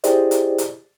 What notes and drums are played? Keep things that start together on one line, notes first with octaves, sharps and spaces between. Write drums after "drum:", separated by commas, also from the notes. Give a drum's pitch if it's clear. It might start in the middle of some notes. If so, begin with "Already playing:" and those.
E4 G4 G#4 C5 D5 D#5, drum: hi-hat
drum: hi-hat
drum: hi-hat